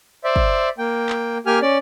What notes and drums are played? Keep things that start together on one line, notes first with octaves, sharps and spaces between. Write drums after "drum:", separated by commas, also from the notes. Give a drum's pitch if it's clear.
C5 D5 E5
drum: kick
A#3 G5
drum: clap
A#3 G4 G#5 F6
C#4 D5